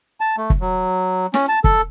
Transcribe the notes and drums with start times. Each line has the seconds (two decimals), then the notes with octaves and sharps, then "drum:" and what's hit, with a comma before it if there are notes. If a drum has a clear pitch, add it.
0.20 A5
0.37 A3
0.50 drum: kick
0.61 F#3
1.34 C#4, drum: snare
1.49 A5
1.64 A4, drum: kick